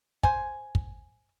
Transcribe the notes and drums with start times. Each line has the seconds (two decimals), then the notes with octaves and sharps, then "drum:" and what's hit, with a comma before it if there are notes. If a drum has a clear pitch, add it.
0.23 C5 G#5, drum: kick
0.75 drum: kick